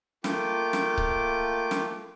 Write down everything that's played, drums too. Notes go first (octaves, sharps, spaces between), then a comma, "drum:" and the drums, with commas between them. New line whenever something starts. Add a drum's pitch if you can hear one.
A3 A#3 F4 G5 D6, drum: snare
drum: snare
drum: kick C#1
drum: snare